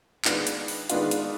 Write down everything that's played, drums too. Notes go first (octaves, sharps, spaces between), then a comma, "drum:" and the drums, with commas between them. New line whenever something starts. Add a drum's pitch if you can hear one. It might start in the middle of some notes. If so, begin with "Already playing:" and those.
D#3 G#3 B3 D4 F4, drum: clap
drum: hi-hat
drum: open hi-hat
D#3 G#3 B3 D4 F4, drum: hi-hat
drum: hi-hat